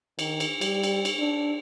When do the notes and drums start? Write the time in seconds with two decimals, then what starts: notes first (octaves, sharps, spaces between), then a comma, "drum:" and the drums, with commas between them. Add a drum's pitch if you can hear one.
0.19 D#3, drum: cymbal
0.40 drum: cymbal
0.61 G3, drum: cymbal
0.83 drum: cymbal
1.05 drum: cymbal
1.19 D4